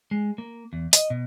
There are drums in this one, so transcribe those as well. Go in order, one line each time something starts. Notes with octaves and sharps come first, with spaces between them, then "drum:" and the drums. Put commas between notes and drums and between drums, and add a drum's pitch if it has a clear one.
G#3
A#3
E2
D#5, drum: hi-hat
B2